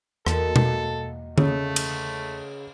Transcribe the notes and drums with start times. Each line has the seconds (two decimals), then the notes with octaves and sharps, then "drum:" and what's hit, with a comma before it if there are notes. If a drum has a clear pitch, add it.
0.27 E2 A#3 F#4 A4 D#5, drum: rim click
0.56 drum: tom B2
1.38 C#3 A3, drum: tom D3
1.76 drum: cymbal